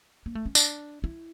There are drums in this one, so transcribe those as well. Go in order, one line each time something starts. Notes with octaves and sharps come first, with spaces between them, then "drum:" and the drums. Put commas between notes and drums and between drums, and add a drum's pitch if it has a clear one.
A#3
A3
C#4
D4, drum: tambourine
E4